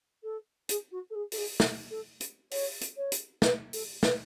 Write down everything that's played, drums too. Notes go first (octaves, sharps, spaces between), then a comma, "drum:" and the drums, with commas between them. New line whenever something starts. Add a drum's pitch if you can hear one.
A4
G#4, drum: hi-hat
F#4
A4
G#4
A4, drum: open hi-hat
G#4
drum: snare
A4
drum: hi-hat
C#5, drum: open hi-hat
drum: hi-hat
C#5
drum: hi-hat
B4, drum: snare
A4, drum: open hi-hat
B4, drum: snare